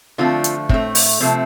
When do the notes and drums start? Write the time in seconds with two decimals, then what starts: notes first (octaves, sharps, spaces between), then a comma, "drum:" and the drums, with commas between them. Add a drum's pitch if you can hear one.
0.18 D3 F3 A3 C4 F4
0.44 drum: hi-hat
0.69 A2 A3 C4, drum: kick
0.95 drum: open hi-hat
1.20 C3 F3 A3 C4